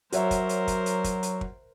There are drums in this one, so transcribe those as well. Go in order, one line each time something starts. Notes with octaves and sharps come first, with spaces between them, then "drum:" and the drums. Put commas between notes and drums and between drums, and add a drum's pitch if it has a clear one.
F#3 F#4 A#4 C5 C#5 E5, drum: hi-hat
drum: kick, hi-hat
drum: hi-hat
drum: kick, hi-hat
drum: hi-hat
drum: kick, hi-hat
drum: hi-hat
drum: kick